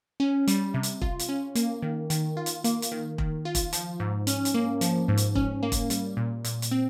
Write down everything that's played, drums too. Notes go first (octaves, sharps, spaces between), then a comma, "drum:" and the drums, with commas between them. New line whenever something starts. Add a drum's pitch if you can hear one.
C#4
G3, drum: hi-hat
C3
drum: hi-hat
F4, drum: kick E1
drum: hi-hat
C#4
A#3, drum: hi-hat
D#3
D#3, drum: hi-hat
F4
drum: hi-hat
A#3, drum: hi-hat
drum: hi-hat
D#3
D#3, drum: kick E1
F4
drum: kick E1, hi-hat
F3, drum: hi-hat
G#2
C#4, drum: hi-hat
drum: hi-hat
A#3
F3, drum: hi-hat
G#2
drum: hi-hat
C#4, drum: kick E1
A#3
drum: kick E1, hi-hat
G3, drum: hi-hat
A#2
A#2, drum: hi-hat
drum: hi-hat
C4